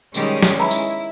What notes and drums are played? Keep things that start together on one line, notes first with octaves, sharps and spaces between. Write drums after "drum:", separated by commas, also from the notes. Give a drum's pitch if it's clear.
D#3 G3 G#3 C#4, drum: tambourine
drum: snare
E4 B4 A#5 B5
drum: tambourine